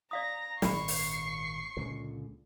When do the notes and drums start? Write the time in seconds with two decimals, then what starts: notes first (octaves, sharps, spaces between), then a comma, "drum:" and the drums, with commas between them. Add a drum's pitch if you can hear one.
0.11 D5 F5 A#5 D#6 A#6
0.62 G#1 A#2 D5 B5 C#6 C7, drum: snare
0.88 drum: open hi-hat
1.77 C#2 A#2 D3